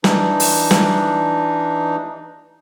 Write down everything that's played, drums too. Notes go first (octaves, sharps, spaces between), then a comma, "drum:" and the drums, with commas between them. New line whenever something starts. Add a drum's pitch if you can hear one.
E3 D4 D#4, drum: snare
drum: open hi-hat
drum: snare